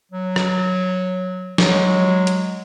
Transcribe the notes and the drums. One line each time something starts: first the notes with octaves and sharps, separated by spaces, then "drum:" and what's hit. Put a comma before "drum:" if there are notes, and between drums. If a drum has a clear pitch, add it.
F#3
drum: rim click
F#3, drum: snare
G#3
drum: hi-hat